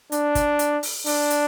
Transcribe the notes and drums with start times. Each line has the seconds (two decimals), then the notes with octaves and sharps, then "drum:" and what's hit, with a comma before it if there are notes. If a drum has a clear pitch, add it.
0.12 D4, drum: hi-hat
0.35 drum: kick, hi-hat
0.59 drum: hi-hat
0.83 drum: open hi-hat
1.06 D4, drum: open hi-hat
1.30 drum: hi-hat